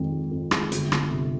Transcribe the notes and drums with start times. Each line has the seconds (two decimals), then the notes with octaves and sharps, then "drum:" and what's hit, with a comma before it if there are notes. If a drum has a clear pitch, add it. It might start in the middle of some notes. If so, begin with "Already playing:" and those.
Already playing: F2 D#3 G#3
0.12 G#3
0.31 F2
0.51 G#3, drum: rim click
0.72 G1, drum: hi-hat
0.92 G1, drum: rim click
1.11 C3